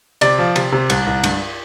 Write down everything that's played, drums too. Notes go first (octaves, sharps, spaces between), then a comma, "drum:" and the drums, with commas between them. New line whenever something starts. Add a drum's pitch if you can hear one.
C3 D5, drum: cymbal
F3
C3, drum: cymbal
C3
C2, drum: cymbal
C2
G2, drum: cymbal